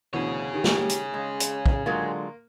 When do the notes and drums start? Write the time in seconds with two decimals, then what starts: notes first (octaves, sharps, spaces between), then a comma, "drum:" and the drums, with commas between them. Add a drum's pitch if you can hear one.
0.13 D2 B2 D3 E3 G#4 C#5
0.53 D#3 G4
0.64 drum: snare
0.90 drum: hi-hat
1.14 C#3 G#3
1.40 drum: hi-hat
1.66 drum: kick
1.86 D3 F#3 G#3 A#3 F4